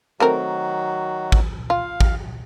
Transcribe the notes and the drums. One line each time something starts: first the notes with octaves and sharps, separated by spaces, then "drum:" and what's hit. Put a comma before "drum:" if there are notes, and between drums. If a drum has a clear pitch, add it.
D#3 F#3 A3 C4 F#4 A#4
drum: kick
F4 F5
drum: kick